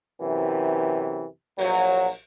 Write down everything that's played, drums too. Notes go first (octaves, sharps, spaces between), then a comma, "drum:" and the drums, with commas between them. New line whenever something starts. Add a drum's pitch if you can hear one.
F#2 C3 E3
A#1 F#3, drum: open hi-hat